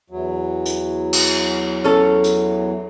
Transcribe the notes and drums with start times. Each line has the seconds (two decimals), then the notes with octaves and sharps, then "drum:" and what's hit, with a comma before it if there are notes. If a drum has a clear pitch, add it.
0.10 E2 F#3
0.66 drum: hi-hat
1.13 drum: cymbal
1.84 C#4 A4
2.24 drum: hi-hat